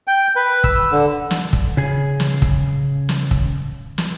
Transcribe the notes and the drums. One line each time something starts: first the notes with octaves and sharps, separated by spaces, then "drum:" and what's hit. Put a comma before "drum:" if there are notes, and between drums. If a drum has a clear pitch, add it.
G5
B4
E6, drum: kick
D3
drum: snare
drum: kick
C#3 G#4
drum: snare
drum: kick
drum: snare
drum: kick
drum: snare